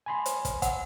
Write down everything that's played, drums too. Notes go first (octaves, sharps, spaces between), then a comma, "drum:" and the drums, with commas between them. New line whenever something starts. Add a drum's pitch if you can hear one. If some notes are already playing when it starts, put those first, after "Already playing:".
G#5 B5 C6
drum: hi-hat
drum: kick, hi-hat
F#5, drum: kick, hi-hat